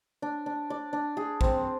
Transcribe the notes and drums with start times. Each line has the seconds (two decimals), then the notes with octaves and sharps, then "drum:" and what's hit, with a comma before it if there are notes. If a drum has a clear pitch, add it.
0.22 D4
0.46 D4
0.70 D5
0.93 D4
1.17 G#4
1.41 C4, drum: kick A1